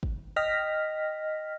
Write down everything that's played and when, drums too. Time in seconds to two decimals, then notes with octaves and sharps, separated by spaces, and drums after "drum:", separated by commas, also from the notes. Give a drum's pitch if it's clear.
0.03 drum: kick
0.36 D#5 G5 F6 A#6 B6